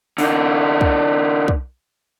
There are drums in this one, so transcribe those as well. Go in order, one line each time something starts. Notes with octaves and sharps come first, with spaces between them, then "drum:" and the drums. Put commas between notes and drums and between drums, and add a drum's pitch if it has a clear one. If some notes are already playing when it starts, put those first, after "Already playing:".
D3 D#4, drum: open hi-hat
drum: kick
drum: kick